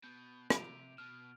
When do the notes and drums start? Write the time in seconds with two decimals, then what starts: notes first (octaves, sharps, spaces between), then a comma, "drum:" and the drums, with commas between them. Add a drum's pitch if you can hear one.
0.03 B2 G6
0.50 C3 D7 F7, drum: rim click
0.98 B2 F6